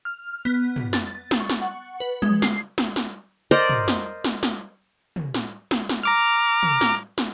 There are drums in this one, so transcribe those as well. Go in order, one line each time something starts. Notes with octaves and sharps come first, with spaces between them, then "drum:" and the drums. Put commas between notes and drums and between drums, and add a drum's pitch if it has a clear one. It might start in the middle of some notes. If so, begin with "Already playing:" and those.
F6
B3
drum: tom
A6, drum: snare
drum: snare
C#6
drum: snare
F#5
B4
G#3, drum: tom
C7, drum: snare
drum: snare
drum: snare
A#4 C5 D5 D#5
drum: tom
drum: snare
drum: snare
drum: snare
drum: tom
drum: snare
drum: snare
drum: snare
A#5 D6 F6
drum: tom
drum: snare
drum: snare